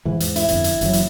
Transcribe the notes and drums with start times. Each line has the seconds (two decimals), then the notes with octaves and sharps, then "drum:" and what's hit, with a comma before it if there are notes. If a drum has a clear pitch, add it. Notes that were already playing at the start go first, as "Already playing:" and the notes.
0.05 G#2 E3
0.20 E2 G#2, drum: hi-hat
0.36 E4, drum: hi-hat
0.48 G1 F2, drum: hi-hat
0.64 drum: hi-hat
0.81 F#1 E3 F#3, drum: hi-hat
0.93 drum: hi-hat